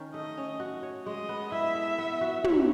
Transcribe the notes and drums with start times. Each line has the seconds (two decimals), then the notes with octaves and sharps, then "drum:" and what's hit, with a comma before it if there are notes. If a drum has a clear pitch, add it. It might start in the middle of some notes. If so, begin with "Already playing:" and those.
Already playing: D#3 C#4
0.14 A3 D#5
0.37 C#4
0.60 F#4
0.83 C#5
1.06 G#3 D#5
1.29 B3
1.52 E4 E5
1.75 A4
1.98 B3
2.21 F#4
2.44 C#5, drum: tom